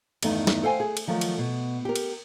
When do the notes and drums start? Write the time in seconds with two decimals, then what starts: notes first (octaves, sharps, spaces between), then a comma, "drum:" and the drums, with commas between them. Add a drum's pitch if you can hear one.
0.23 E2 G2 D#3 A3 D#4, drum: cymbal
0.47 drum: snare
0.63 A4 C5 F5 G5 G#5
0.80 G#4
0.97 drum: cymbal
1.07 D#3 F3 F#3 A3
1.21 drum: cymbal
1.38 B2
1.85 G4 A#4
1.96 drum: cymbal